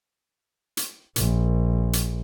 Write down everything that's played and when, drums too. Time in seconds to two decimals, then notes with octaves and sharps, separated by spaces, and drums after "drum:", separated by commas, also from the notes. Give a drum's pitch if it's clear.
0.77 drum: hi-hat
1.16 A#1, drum: hi-hat
1.93 drum: hi-hat